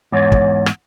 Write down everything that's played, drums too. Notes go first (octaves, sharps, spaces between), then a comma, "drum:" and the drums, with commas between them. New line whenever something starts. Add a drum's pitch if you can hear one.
E2 G#2 C#5
drum: kick
drum: rim click